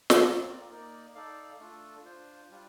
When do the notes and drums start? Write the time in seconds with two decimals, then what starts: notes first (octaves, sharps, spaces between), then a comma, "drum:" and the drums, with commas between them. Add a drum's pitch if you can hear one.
0.10 drum: snare
0.24 C4 F4 A#4 D5
0.70 A#3 D#4 A#4 D5
1.15 D#4 A4 D5 F5
1.60 A3 D4 F4 A4
2.05 D4 F4 C5
2.50 G3 D4 F4